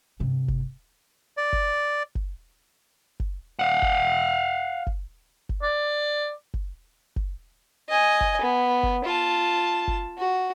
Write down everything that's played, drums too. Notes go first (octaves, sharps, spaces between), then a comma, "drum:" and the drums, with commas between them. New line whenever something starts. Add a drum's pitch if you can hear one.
G2 C3
drum: kick F#1
D5
drum: kick F#1
drum: kick F#1
drum: kick F#1
F5 F#5
drum: kick F#1
drum: kick F#1
drum: kick F#1
D5
drum: kick F#1
drum: kick F#1
D#5 G#5
drum: kick F#1
B3
drum: kick F#1
F4 A5
drum: kick F#1
F#4